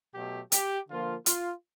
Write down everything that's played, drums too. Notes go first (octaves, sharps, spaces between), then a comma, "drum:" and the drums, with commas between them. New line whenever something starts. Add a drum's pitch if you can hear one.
B2 F#3 A3 G4
G4, drum: hi-hat
D3 F3 A#3 F4
F4, drum: hi-hat